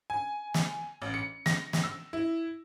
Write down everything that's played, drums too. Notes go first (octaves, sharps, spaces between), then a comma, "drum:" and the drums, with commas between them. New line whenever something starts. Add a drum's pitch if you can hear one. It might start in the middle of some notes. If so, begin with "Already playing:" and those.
G#5
drum: snare
A1
C#7
A#6, drum: snare
drum: snare
E6
E4